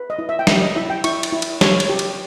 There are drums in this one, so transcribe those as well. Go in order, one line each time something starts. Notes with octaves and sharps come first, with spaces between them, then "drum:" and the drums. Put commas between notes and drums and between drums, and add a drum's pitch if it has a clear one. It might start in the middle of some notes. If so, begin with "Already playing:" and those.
Already playing: B4
D#5
E4
E5
G5
G4 E5, drum: snare
D#5
E4 E5
G5
E4 C#6, drum: cymbal
drum: cymbal
E4
drum: cymbal
C#5, drum: snare
drum: cymbal
G4
drum: cymbal